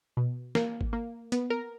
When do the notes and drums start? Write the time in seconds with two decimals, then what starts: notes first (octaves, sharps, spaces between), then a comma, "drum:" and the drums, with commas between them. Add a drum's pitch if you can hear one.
0.17 B2
0.55 A#3, drum: snare
0.81 drum: kick G#1
0.93 A#3
1.32 B3, drum: hi-hat
1.50 A#4